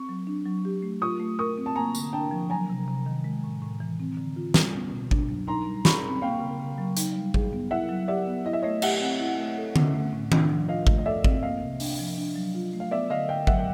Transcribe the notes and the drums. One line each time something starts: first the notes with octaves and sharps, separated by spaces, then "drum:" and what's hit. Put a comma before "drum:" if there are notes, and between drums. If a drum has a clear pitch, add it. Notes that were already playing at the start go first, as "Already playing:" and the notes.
Already playing: C4 C#6
F#3
D4
F#3
G4
A3
F4 C#6 D#6
A3
A#4 C#6 D#6
C4
A5
A#3 G#5 A#5
D3, drum: tambourine
D4 G5 A5
F3
F#3 G#5 A#5
C3
C3
D#3
G#3
A2
A2
E3
C4
D3
F4
G3, drum: snare
B3
B2
D4, drum: kick G#1
F#3
D#4 A#5 C6
G3
G#4 B5 C#6, drum: snare
C4
A#3 F5 G5
C#3
C#3
F#3
D#4, drum: hi-hat
G3
G#4, drum: kick G#1
B3
E4 E5 F#5
F#3
G4 D5 E5
B3
E4 D#5
E5
A3 C#5 D#5
G4 E5 F#5, drum: cymbal
C4
E4
A3
A4
C#4, drum: tom D3
A3
A2
D4, drum: tom D#3
F3
F4 D#5 F5
A3, drum: kick G#1
D#5
A4 D5 E5
C4, drum: kick G#1
A#3 D#5 F5
C3
D4, drum: open hi-hat
F3
D4
F#3
F4
A3
F5
B3 D5 E5
D3 D#5 F5
D3 F5 G5
F#3 E5 F#5, drum: kick G#1
G5